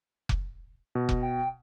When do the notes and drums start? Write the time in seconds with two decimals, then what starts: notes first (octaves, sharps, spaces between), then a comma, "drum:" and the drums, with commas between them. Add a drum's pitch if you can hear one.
0.29 drum: kick F1
0.95 B2
1.09 drum: kick F1
1.22 G5